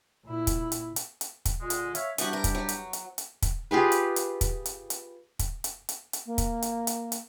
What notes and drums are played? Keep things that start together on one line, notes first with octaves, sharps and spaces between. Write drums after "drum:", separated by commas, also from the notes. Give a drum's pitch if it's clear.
A#2 E4
drum: kick, hi-hat
drum: hi-hat
drum: hi-hat
drum: hi-hat
drum: kick, hi-hat
A#2 D3 G#3
drum: hi-hat
C#5 E5 F5, drum: hi-hat
E3 G3 B3 D4 F#4 G4, drum: hi-hat
A#4
drum: kick, hi-hat
F#3
drum: hi-hat
drum: hi-hat
drum: hi-hat
drum: kick, hi-hat
F4 G4 G#4 B4
drum: hi-hat
drum: hi-hat
drum: kick, hi-hat
drum: hi-hat
drum: hi-hat
drum: kick, hi-hat
drum: hi-hat
drum: hi-hat
drum: hi-hat
A#3
drum: kick, hi-hat
drum: hi-hat
drum: hi-hat
drum: hi-hat